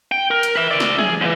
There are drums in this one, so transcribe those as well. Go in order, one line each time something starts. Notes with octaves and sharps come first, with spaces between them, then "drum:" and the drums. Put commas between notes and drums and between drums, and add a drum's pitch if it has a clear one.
G5
A#4
drum: hi-hat
B4 E5
D5 E5
drum: snare
G#4, drum: tom
D#2 E3